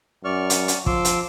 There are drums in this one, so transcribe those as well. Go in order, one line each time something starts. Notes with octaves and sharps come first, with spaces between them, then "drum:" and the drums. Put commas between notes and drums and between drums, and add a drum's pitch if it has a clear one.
F#2 D5 C#6 F6
drum: hi-hat
drum: hi-hat
F3 C6 D6 E6, drum: kick
drum: hi-hat